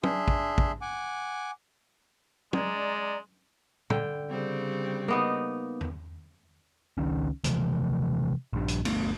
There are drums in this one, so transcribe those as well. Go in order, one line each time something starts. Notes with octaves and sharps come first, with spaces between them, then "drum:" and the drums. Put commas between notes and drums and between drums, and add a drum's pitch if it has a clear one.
D4 G#4 E5 C6, drum: tom
drum: kick
drum: kick
F#5 G#5 D6
G#3 D5 A#5, drum: tom
D3 G5, drum: tom
C#3 G3 C4
A#3 B3 D#4
drum: tom E2
C#2 D#3 C#4
C3 E3 F3 A3, drum: hi-hat
A#1 G2
drum: hi-hat
G1 A3 B3, drum: cymbal